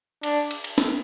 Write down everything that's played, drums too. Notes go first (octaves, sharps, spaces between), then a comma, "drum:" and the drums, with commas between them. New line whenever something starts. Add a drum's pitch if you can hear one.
D4, drum: cymbal
drum: cymbal
drum: cymbal
drum: snare